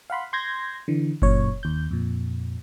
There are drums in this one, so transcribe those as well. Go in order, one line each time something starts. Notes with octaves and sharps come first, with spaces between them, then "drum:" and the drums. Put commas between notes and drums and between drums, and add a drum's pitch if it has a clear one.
F5 F#5 B5 C6
C6 G6 G#6 A#6
D3 E3
F#2 A#2 C#5, drum: kick F#1
D#2 G6
F2 A#2